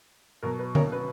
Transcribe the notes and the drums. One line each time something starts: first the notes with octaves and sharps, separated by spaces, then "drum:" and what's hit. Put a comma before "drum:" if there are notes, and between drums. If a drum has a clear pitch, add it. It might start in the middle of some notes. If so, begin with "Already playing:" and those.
B2 F#3 A#4
B4
A#4 C#5, drum: tom D3
B4